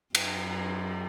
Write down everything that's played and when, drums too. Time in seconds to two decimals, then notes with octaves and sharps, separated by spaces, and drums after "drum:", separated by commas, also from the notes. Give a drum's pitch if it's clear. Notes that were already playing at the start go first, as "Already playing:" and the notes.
0.15 F#2, drum: cymbal